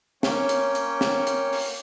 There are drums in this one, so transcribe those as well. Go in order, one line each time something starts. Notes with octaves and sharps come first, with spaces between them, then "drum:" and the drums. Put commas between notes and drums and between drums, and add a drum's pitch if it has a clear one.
A#3 C#4 C#5 G5, drum: snare
drum: hi-hat
drum: hi-hat
drum: snare
drum: hi-hat
drum: open hi-hat